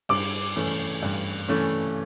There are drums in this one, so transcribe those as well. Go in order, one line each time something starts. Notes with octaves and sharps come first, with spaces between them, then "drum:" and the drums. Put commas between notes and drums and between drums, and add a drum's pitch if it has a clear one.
G2 D6, drum: cymbal
E3 A3 C#4
G2
E3 A3 C#4